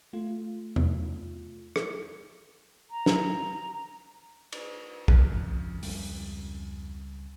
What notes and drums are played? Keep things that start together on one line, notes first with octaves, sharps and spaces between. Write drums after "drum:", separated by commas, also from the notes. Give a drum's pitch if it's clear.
A3 F4
drum: tom E2
drum: rim click
A#5
drum: snare
drum: cymbal
G#1 F2 C#3 F3, drum: kick
C#2 G3, drum: open hi-hat